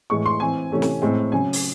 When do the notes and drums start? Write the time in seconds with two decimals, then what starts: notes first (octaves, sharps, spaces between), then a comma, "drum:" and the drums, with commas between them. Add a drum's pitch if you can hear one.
0.10 A2 E3 G#3 C#6
0.26 C6
0.40 E3 C4 G#5
0.72 C3 E3 A3 C#4
0.82 drum: snare
1.02 A2 G#3 C4
1.32 C#3 F#3 C#4 G#5
1.53 drum: open hi-hat